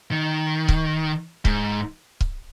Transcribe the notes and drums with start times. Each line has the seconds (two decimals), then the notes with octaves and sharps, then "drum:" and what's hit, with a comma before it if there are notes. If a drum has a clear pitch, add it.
0.11 D#3
0.69 drum: kick C#1
1.45 G#2, drum: kick C#1
2.21 drum: kick C#1